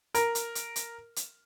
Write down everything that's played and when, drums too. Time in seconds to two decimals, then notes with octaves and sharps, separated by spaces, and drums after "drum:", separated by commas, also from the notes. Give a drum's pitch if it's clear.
0.15 A#4, drum: hi-hat
0.35 drum: hi-hat
0.55 drum: hi-hat
0.76 drum: hi-hat
1.16 drum: hi-hat